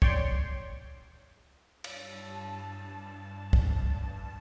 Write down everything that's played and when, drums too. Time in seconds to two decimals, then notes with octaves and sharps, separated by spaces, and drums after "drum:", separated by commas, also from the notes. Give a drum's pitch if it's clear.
0.02 C#5 D5 G5 C6, drum: kick
1.84 G2 A5, drum: cymbal
3.53 drum: kick